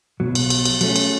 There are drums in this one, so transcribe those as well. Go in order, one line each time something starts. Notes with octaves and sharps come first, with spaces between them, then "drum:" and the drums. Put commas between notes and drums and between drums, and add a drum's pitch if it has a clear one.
B1 B2 F#3
drum: cymbal
drum: cymbal
drum: cymbal
F#3 A3 C#4, drum: cymbal
drum: cymbal